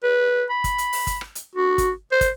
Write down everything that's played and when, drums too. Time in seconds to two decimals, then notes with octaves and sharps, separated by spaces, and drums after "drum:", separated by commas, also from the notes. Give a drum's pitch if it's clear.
0.03 B4
0.50 B5
0.64 drum: kick, hi-hat
0.78 drum: hi-hat
0.93 drum: open hi-hat
1.07 drum: kick, hi-hat
1.21 drum: rim click
1.35 drum: hi-hat
1.55 F#4
1.78 drum: kick, hi-hat
2.12 C5
2.21 drum: kick, hi-hat